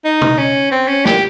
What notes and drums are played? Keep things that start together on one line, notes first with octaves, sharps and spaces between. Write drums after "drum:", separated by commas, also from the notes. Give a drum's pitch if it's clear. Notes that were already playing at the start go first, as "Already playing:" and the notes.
D#4
drum: tom
C#4
C4
C#4
G4, drum: snare